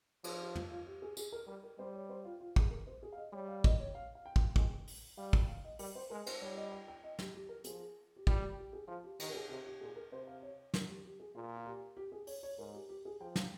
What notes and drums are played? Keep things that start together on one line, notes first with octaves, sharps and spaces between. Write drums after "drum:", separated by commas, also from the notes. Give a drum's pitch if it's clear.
F3 G#4, drum: cymbal
G4
F4, drum: tom
F4
G4
G#4
G#4, drum: tambourine
A#4
G3 A#4
A#4
G3 C5
C#5
C5
F4
F4
G#4, drum: kick
A#4
C5
G#4
F5
D#5
G3 C#5
F5
D#5, drum: kick
C#5
F5
F5
G5
drum: kick
G#3, drum: kick
drum: open hi-hat
G3 F5
G5, drum: kick
F5
D#5
G3 A#4, drum: open hi-hat
C5
G#3 A#4
C5, drum: cymbal
G3 C#5
D#5
G5
G5
D#5
G4, drum: snare
G4
A#4
F3 G#4, drum: hi-hat
G4
G3 F4, drum: kick
G4
G4
G#4
F3 F4
G4
D#3 G4, drum: cymbal
A#4
G#4
C3 G4
G4
A#2 G#4
A#4
C3 C5
F5
C#5
A#4, drum: snare
G4
G4
G#4
A#2 F4
F4
G4
G4
G#4
C#5, drum: open hi-hat
C#5
G#2 A#4
G4
G4
G#4
F3 G5
F5, drum: snare